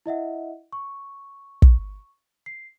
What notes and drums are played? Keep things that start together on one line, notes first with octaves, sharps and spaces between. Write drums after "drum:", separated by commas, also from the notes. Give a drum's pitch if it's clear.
E4 D#5 E5 F#5
C#6
drum: kick
C7